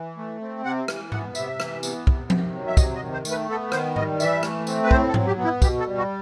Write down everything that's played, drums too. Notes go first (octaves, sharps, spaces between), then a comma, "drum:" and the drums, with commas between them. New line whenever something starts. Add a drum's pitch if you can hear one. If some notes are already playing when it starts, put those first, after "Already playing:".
Already playing: E3
A3
C4
C3 F#5
E3, drum: rim click
B3 F#5, drum: tom G#2
C3 E5, drum: tambourine
E3, drum: rim click
B3, drum: tambourine
C3, drum: kick
D#3, drum: tom F3
F#3
E5
C3 D#5, drum: kick, tambourine
D#5
D#3
C5
A3, drum: tambourine
B4
B3 A4
D#3 C5, drum: rim click
G3 D#5, drum: tom G#2
E3 E5, drum: tambourine
A3, drum: rim click
C4, drum: tambourine
B4
A2 C5, drum: kick
A4
F#3, drum: tom G#2
G4
B3
E4
B2 G4, drum: kick, tambourine
A4
G3
F#4